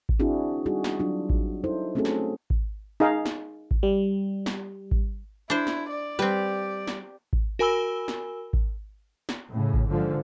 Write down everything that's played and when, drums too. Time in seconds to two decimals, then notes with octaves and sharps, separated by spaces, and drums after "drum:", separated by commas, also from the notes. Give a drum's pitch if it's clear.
0.09 drum: kick G#1
0.20 C4 D4 E4 F#4 G#4
0.66 G3 D#4 F#4 G#4
0.84 drum: snare
0.99 F#3 D4 F4
1.30 drum: kick G#1
1.64 D#4 E4 A4 C5
1.95 A3 C4 C#4 F#4 G#4 A4
2.05 drum: snare
2.50 drum: kick G#1
3.00 D#4 G#4 F5
3.26 drum: snare
3.71 drum: kick G#1
3.83 G3
4.46 drum: snare
4.91 drum: kick G#1
5.50 D4 E4 C5
5.67 drum: snare
5.90 D5
6.19 G3 C4 G4 B4
6.87 drum: snare
7.33 drum: kick G#1
7.59 F#4 A#4 G#5 B5 E6 G7
8.08 drum: snare
8.53 drum: kick G#1
9.29 drum: snare
9.49 A2 C#3
9.74 drum: kick G#1
9.87 G#2 D3 F3